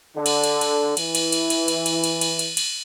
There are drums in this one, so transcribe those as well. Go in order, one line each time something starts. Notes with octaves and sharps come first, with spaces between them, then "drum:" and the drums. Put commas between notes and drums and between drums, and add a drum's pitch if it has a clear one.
D3
drum: cymbal
drum: cymbal
drum: cymbal
E3, drum: cymbal
drum: cymbal
drum: cymbal
drum: cymbal
drum: cymbal
drum: cymbal
drum: cymbal
drum: cymbal
drum: cymbal
drum: cymbal